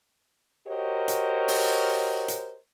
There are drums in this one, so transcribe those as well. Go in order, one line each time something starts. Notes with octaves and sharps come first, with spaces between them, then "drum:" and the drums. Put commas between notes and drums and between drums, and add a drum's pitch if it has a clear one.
F#4 G4 A#4 C5 C#5 D#5
drum: hi-hat
drum: open hi-hat
drum: hi-hat